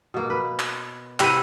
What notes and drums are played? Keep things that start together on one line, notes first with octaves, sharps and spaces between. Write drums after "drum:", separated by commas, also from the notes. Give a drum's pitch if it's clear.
B2 A#3
B4
drum: clap
C3 E4 F#5 G5 B5 D#7, drum: clap